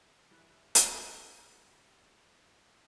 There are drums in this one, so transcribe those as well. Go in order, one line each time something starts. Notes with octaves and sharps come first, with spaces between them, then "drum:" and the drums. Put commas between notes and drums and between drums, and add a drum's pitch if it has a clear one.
E3 G3 E4 F#6
drum: hi-hat